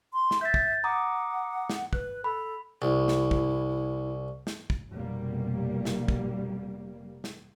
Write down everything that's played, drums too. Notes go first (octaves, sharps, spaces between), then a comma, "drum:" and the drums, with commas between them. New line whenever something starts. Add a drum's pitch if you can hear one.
C6
drum: snare
E5 G6 A6
drum: kick
F#5 A#5 D6 D#6
drum: snare
B4 F#6, drum: kick
A4 B5
C2 E4
drum: snare
drum: kick
drum: snare
drum: kick
F1 B2 G3 A#3
drum: snare
drum: kick
drum: snare